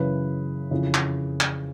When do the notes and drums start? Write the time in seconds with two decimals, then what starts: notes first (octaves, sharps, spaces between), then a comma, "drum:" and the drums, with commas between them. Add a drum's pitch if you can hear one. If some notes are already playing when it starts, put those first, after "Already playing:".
Already playing: F#2 C#3 E3 B4
0.71 F2 C#3 E3
0.94 drum: clap
1.40 drum: clap